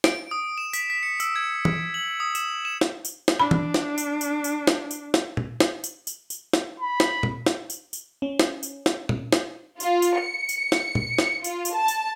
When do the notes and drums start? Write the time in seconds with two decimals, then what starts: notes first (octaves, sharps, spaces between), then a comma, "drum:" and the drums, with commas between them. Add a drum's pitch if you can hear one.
0.04 D7, drum: snare
0.31 D#6
0.58 E7
0.73 B6, drum: tambourine
0.90 B6
1.03 C#7
1.20 E6, drum: tambourine
1.36 G#6
1.65 drum: tom
1.94 F#7
2.20 D#6
2.35 E7, drum: tambourine
2.65 E7
2.81 drum: snare
3.05 drum: tambourine
3.28 drum: snare
3.40 D4 B5
3.51 drum: tom
3.74 drum: snare
3.98 drum: tambourine
4.21 drum: tambourine
4.44 drum: tambourine
4.67 drum: snare
4.91 drum: tambourine
5.14 drum: snare
5.37 drum: tom A#2
5.60 drum: snare
5.84 drum: tambourine
6.07 drum: tambourine
6.30 drum: tambourine
6.53 drum: snare
6.80 B5
7.00 drum: snare
7.23 drum: tom A#2
7.46 drum: snare
7.70 drum: tambourine
7.93 drum: tambourine
8.22 C#4
8.39 drum: snare
8.63 drum: tambourine
8.86 drum: snare
9.09 drum: tom A#2
9.32 drum: snare
9.80 F4, drum: tambourine
10.02 drum: tambourine
10.19 C#7
10.49 drum: tambourine
10.72 drum: snare
10.95 drum: tom A#2
11.19 drum: snare
11.44 F4, drum: tambourine
11.65 drum: tambourine
11.75 A5
11.88 drum: tambourine